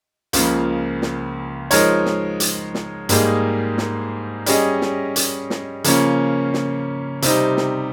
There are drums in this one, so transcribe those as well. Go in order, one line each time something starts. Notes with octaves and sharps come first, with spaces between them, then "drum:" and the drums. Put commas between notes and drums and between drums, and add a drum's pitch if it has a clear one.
C#2 C#3 F3 A#3, drum: hi-hat
drum: snare
F3 G#3 D#4 A#4 C#5, drum: hi-hat
drum: snare
drum: hi-hat
drum: snare
G#2 G3 A#3 D#4 G#4, drum: hi-hat
drum: snare
G3 C#4 G#4 D#5, drum: hi-hat
drum: snare
drum: hi-hat
drum: snare
C#3 F3 A#3 C#4, drum: hi-hat
drum: snare
C3 G3 C4 D#4, drum: hi-hat
drum: snare